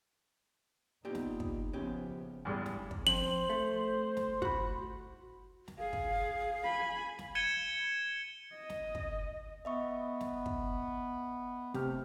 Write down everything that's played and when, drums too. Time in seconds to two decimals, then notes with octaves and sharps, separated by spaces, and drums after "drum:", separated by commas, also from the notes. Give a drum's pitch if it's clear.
1.05 A#2 B3 D#4 G4
1.15 drum: snare
1.40 drum: kick
1.73 C#3 F3 B3 G4
2.45 A1 E2 G2 G#3
2.66 drum: snare
2.91 drum: kick
3.07 F2 C5 F#7
3.50 A3
4.17 drum: snare
4.42 F#4 B5, drum: kick
5.68 drum: snare
5.78 G#4 F5
5.93 drum: kick
6.63 G#5 B5
7.19 drum: snare
7.35 G#6 C#7 D#7 E7 G7
8.56 D#5
8.70 drum: snare
8.95 drum: kick
9.65 B3 D#5 E5 C#6
10.21 drum: snare
10.46 drum: kick
11.74 C3 A3 G4 F6, drum: snare